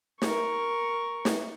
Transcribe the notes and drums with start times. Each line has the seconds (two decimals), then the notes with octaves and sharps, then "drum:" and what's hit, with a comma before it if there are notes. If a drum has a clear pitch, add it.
0.22 A#4 C#6, drum: snare
1.25 drum: snare